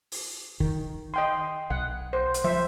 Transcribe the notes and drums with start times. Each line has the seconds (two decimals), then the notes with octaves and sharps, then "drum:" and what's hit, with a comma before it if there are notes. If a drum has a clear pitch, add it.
0.12 drum: open hi-hat
0.60 D#3, drum: kick
1.14 D#5 G5 C6
1.70 B1 F#5
2.13 C5
2.34 drum: hi-hat
2.44 F3 C5 E5